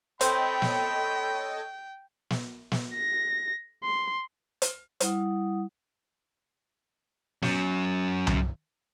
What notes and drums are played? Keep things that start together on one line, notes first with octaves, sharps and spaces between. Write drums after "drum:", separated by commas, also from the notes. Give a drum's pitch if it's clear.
C4 A4 C#5 D#5 G5 B5, drum: hi-hat
drum: snare
drum: snare
drum: snare
A#6
C6
drum: hi-hat
G3 E4 F#5 D#6, drum: hi-hat
F#3 C#4, drum: snare
drum: tom C2